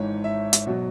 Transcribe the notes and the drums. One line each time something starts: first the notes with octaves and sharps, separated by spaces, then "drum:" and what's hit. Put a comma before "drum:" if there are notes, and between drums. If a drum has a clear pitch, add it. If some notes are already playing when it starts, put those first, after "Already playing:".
Already playing: G#1 G#2 E3 C#5
E5
drum: hi-hat
B2 F#3